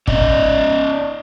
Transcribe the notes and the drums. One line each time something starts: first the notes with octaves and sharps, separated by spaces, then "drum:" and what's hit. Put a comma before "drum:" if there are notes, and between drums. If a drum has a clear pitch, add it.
C#4 D5 D#5, drum: kick